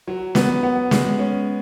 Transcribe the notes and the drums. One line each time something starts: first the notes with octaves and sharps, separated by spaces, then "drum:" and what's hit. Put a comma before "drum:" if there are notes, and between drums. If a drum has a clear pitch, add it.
F#3
B3, drum: snare
B3
G#3, drum: snare
C#4